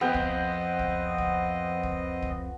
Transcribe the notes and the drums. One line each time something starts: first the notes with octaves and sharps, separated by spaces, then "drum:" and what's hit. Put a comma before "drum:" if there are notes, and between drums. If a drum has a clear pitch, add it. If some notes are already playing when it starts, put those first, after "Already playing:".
F2 B3 C4 D#5 G5
drum: kick
drum: kick
drum: kick
drum: kick
drum: kick